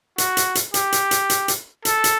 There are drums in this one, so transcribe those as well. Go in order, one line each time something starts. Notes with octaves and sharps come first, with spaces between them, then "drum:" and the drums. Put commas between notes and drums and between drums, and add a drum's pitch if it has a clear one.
F#4, drum: hi-hat
drum: hi-hat
drum: hi-hat
G4, drum: hi-hat
drum: hi-hat
drum: hi-hat
drum: hi-hat
drum: hi-hat
A4, drum: hi-hat
drum: hi-hat